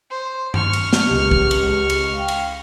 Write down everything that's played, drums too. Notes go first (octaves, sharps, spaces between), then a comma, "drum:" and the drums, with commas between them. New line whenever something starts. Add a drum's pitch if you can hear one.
C5
C#6 F6, drum: tom G2
drum: cymbal
drum: snare
C#2 G4 D#5
drum: kick
drum: cymbal
drum: cymbal
F5 G5
drum: cymbal